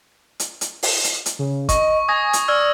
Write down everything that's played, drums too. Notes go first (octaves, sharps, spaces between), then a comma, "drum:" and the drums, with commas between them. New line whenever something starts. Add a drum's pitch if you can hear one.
drum: hi-hat
drum: hi-hat
drum: open hi-hat
drum: hi-hat
drum: hi-hat
C#3
D#5 C#6, drum: kick G1, hi-hat
G#5 D#6 G#6 A#6
drum: hi-hat
D5 E6 F6 G#6